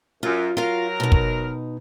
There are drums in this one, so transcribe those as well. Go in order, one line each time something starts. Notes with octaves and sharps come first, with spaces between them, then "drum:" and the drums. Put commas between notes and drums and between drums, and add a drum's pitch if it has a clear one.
F#2 F4
F#3 F4 A#4 F5
B2 D#4
drum: kick